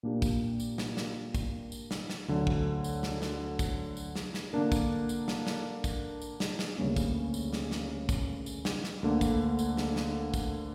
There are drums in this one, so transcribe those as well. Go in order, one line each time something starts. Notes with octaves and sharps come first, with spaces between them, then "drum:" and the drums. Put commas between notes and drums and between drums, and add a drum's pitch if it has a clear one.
A#2 A#3 D4 G4
drum: kick, tambourine
drum: tambourine
drum: snare
drum: snare
drum: kick, tambourine
drum: tambourine
drum: snare
drum: snare
D2 D3 F#3
drum: kick
drum: tambourine
drum: snare
drum: snare
drum: kick, tambourine
drum: tambourine
drum: snare
drum: snare
D3 A#3 D4 A#4
drum: kick, tambourine
drum: tambourine
drum: snare
drum: snare
drum: kick, tambourine
drum: tambourine
drum: snare
drum: snare
D2 C#3 G3 A#3 C#4
drum: kick, tambourine
drum: tambourine
drum: snare
drum: snare
drum: kick, tambourine
drum: tambourine
drum: snare
drum: snare
D2 D3 A#3
drum: kick, tambourine
drum: tambourine
drum: snare
drum: snare
drum: kick, tambourine